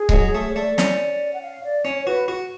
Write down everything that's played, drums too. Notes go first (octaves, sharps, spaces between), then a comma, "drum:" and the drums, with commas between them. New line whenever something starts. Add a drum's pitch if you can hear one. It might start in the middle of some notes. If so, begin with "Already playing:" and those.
Already playing: G#4
G#3, drum: kick C#1
F#3
A3
C#5
A3 D5
C#4, drum: snare
F#5
F5
D5
C#4 C#5
C#5
F#4 B4
F#4